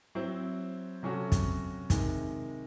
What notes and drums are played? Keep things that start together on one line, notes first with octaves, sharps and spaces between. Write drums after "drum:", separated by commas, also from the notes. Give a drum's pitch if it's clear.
F#3 C4 E4 C5
C3 F#3 C#4 F#4 A4
drum: kick, hi-hat
C3 D#3 G#3, drum: kick, hi-hat